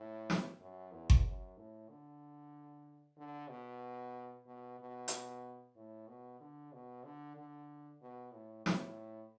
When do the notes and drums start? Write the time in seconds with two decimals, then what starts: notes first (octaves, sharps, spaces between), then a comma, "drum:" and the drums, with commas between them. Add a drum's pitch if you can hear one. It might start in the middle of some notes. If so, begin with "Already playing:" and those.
Already playing: A2
0.30 drum: snare
0.60 F#2
0.92 E2
1.10 drum: kick G1
1.25 F#2
1.57 A2
1.89 D3
3.17 D3
3.49 B2
4.46 B2
4.80 B2
5.08 drum: hi-hat
5.76 A2
6.08 B2
6.40 D3
6.73 B2
7.04 D3
7.36 D3
8.02 B2
8.33 A2
8.66 A2, drum: snare